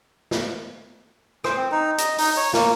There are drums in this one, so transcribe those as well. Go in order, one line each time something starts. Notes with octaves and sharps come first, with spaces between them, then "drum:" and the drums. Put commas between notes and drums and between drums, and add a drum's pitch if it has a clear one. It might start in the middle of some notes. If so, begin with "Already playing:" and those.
drum: snare
C5, drum: rim click
C4
D#4
D#5, drum: hi-hat
D#4, drum: open hi-hat
C#5
A#3, drum: snare